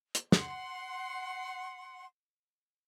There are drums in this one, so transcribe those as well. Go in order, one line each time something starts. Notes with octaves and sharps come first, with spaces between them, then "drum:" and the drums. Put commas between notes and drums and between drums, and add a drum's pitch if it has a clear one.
drum: hi-hat
F#5 C6, drum: snare